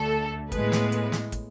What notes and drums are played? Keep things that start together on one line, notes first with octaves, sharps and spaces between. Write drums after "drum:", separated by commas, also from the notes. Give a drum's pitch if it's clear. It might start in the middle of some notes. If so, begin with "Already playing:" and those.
Already playing: D2 D3 A3 A4
A2 G#3 B3 B4, drum: kick, hi-hat
drum: snare
drum: hi-hat
drum: snare
drum: kick, hi-hat